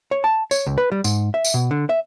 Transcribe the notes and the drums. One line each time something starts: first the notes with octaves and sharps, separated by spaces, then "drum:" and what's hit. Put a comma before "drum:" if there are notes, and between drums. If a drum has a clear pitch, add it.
C#5
A5
C#5, drum: tambourine
C#2
B4
G3
G#2, drum: tambourine
E5
drum: tambourine
B2
D3
E5